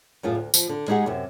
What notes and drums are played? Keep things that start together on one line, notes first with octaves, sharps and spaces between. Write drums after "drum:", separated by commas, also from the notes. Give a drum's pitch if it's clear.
F#2 A2 F4 G#4
D2
F3, drum: tambourine
D3
G#3 D#4 G4 G#4 F#5
F#2 C3